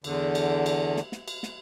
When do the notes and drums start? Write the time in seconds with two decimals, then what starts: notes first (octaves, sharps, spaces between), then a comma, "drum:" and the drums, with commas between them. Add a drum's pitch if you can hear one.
0.04 E2 D3, drum: cymbal
0.35 drum: cymbal
0.66 drum: cymbal
0.97 drum: snare
1.12 drum: snare
1.28 drum: cymbal
1.43 drum: snare